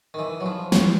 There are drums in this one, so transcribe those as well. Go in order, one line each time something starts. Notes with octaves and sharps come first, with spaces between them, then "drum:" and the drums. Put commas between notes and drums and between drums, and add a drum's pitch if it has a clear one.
D#3
E3
F#3
F3
F#3, drum: snare